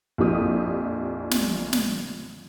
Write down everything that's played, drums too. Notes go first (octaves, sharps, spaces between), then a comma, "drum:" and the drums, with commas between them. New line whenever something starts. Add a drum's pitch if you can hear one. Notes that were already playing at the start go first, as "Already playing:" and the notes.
A#1 F2 E4 G4 D#6
drum: snare
drum: snare